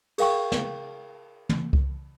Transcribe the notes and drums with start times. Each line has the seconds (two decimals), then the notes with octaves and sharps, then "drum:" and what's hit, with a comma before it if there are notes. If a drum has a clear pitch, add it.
0.18 G#4 A#4 F5 G5 C#6, drum: cymbal
0.52 drum: snare
1.49 drum: tom
1.73 drum: kick C2